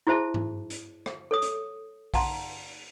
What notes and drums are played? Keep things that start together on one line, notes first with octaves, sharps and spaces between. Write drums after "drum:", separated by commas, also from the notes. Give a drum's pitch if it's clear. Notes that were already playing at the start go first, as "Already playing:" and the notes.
E4 F#4 G#4 C5 E5 A5
drum: tom G#2
drum: hi-hat
drum: rim click
A4 C#5 D#6
drum: hi-hat
F5 F#5 A5 A#5 C6, drum: kick A#1, open hi-hat